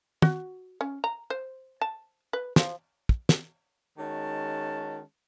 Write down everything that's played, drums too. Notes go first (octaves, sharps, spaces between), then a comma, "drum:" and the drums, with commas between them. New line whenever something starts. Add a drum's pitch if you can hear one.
F#4, drum: tom
C#4
A#5
C5
A5
B4
F3, drum: snare
drum: kick
drum: snare
D#3 G#3 C#4 F#4 A5